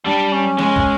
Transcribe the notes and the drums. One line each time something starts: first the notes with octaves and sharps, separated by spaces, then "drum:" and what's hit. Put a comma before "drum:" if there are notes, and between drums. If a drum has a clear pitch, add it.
G3 D4
C#4
G#3 C#4, drum: snare
drum: kick